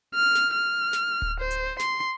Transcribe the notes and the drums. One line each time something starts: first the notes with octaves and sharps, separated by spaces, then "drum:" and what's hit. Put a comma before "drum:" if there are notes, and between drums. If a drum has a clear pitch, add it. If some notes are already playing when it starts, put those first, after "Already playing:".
F6
drum: snare
F6
drum: snare
drum: kick D1
C5
drum: hi-hat
C6, drum: snare